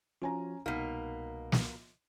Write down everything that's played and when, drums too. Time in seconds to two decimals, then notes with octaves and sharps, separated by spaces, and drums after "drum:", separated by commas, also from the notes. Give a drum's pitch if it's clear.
0.22 F3 C#4 F4 F#4 G#5 A#5
0.66 C2 B2 A#3 D#4
1.52 drum: snare